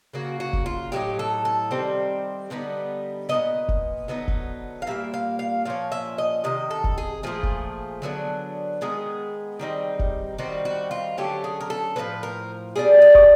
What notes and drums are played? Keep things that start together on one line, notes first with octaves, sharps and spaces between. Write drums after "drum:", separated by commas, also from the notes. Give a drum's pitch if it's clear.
C#3 F#3 A#3 F#4
F#4
drum: kick
F4
A2 F#3 B3 D#4 G4
A4
A4
C3 D#3 G3 C4
D3 G3 B3 D#4
A#2 F#3 B3 D#5
drum: kick
D3 F#3 B3 D#4
drum: kick
F5
A#2 G3 A#3 E5
F5
F5
A#2 F3 C#4 F5
E5
D#5
C3 D#3 D#5
A4
drum: kick
G#4
A#2 F3 A3 G#4
drum: kick
D3 F#3 B3 D4
D#3 G#3 B3 G#4
D#3 G3 C4 D#4
drum: kick
D#3 G3 C4 D#4 F#4
F#4
F4
D3 F#3 A3 C#4 G4
G#4
A#4
A4
A2 F3 A#3 C#4 B4
A#4
B2 G3 B3 D4 G#4
G#4
drum: kick